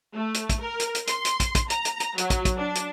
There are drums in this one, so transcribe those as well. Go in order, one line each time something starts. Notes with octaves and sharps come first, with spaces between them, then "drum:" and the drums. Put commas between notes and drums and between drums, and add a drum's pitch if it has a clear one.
A3
drum: hi-hat
drum: kick, hi-hat
A#4
drum: hi-hat
drum: hi-hat
C6, drum: hi-hat
drum: hi-hat
drum: kick, hi-hat
drum: kick, hi-hat
A#5, drum: hi-hat
drum: hi-hat
drum: hi-hat
F#3, drum: hi-hat
drum: kick, hi-hat
drum: kick, hi-hat
D4
drum: hi-hat